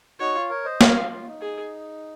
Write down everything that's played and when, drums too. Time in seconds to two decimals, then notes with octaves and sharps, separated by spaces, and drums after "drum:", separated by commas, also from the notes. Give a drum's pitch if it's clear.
0.19 D#4 F#4 C#5
0.35 F4
0.50 A#4 C#5
0.65 C5 D#5
0.81 A#4 C#5 F5, drum: snare
0.96 F4
1.11 F4
1.27 D#4
1.41 G#4